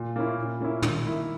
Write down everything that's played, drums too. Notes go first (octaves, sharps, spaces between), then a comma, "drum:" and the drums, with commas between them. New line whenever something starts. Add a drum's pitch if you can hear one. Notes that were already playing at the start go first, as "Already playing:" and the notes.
Already playing: A#2
A#3 C#4 E4
A#2
A#3 C#4 E4
D#3, drum: tom
A#3 E4